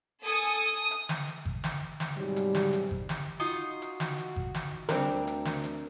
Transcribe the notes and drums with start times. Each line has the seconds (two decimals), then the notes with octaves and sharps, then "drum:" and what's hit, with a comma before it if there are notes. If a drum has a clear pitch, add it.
0.23 A4 G#5 D#6
0.60 D#6
0.91 drum: hi-hat
1.09 drum: snare
1.27 drum: hi-hat
1.45 drum: kick G#1
1.64 drum: snare
2.00 drum: snare
2.17 G#2 C3 F#3 G3
2.36 drum: hi-hat
2.55 drum: snare
2.73 drum: hi-hat
2.91 drum: kick G#1
3.09 drum: snare
3.40 D#4 F4 F#4 D#6
3.82 drum: hi-hat
4.00 drum: snare
4.18 drum: hi-hat
4.36 drum: kick G#1
4.54 drum: snare
4.89 G3 C4 D4 A#4, drum: snare
5.09 D2
5.27 drum: hi-hat
5.45 drum: snare
5.64 drum: hi-hat